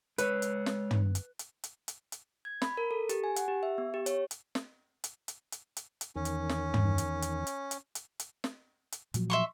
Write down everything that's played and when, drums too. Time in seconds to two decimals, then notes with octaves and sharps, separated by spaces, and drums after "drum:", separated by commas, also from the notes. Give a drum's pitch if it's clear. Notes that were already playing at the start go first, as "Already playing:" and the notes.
0.18 G#3 B4 C#5, drum: hi-hat
0.42 drum: hi-hat
0.66 drum: snare
0.91 drum: tom
1.15 drum: hi-hat
1.39 drum: hi-hat
1.64 drum: hi-hat
1.88 drum: hi-hat
2.12 drum: hi-hat
2.45 G#6
2.62 B5, drum: snare
2.77 A#4
2.91 A4
3.09 G4, drum: hi-hat
3.24 G#5
3.36 F#5, drum: hi-hat
3.48 G4
3.63 E5
3.78 B3
3.94 G4
4.06 C#5, drum: hi-hat
4.31 drum: hi-hat
4.55 drum: snare
5.04 drum: hi-hat
5.28 drum: hi-hat
5.52 drum: hi-hat
5.77 drum: hi-hat
6.01 drum: hi-hat
6.16 E2 D#3 C#4
6.25 drum: hi-hat
6.49 drum: snare
6.74 drum: tom
6.98 drum: hi-hat
7.22 drum: hi-hat
7.47 drum: hi-hat
7.71 drum: hi-hat
7.95 drum: hi-hat
8.20 drum: hi-hat
8.44 drum: snare
8.92 drum: hi-hat
9.14 A#2 F3 F#3, drum: hi-hat
9.30 E5 C6 C#6